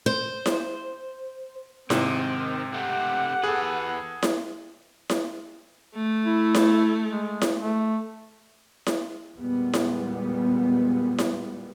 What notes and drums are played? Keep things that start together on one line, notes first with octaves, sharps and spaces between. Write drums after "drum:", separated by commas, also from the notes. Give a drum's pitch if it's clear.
C5
drum: snare E4
G#2 C3 D#3 C4, drum: snare E4
A3 C4 G4 F#5
E2 G#4 A4 B4
drum: snare E4
drum: snare E4
A3
E4
drum: snare E4
G#3
drum: snare E4
A3
drum: snare E4
E2 A#2 G3 G#3 B3
drum: snare E4
drum: snare E4